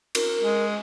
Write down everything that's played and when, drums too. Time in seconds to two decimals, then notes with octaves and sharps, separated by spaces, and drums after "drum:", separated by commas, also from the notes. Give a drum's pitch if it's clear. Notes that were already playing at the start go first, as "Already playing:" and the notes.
0.15 A#4, drum: cymbal
0.41 G#3